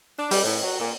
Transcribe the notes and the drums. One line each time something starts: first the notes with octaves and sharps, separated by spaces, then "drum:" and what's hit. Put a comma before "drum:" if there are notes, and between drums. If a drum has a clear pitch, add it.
D4
G3, drum: open hi-hat
A2
F#3
A#2